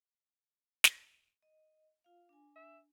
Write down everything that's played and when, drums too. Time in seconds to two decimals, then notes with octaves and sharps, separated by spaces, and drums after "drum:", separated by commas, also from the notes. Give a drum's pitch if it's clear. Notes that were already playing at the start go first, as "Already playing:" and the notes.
0.84 drum: snare
1.42 D#5
2.04 F4 F5
2.29 D4 G#5
2.56 E5